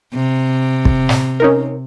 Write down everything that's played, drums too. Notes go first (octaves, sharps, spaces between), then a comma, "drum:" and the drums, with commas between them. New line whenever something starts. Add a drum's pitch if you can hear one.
C3
drum: kick
drum: snare
C#4 D#4 A#4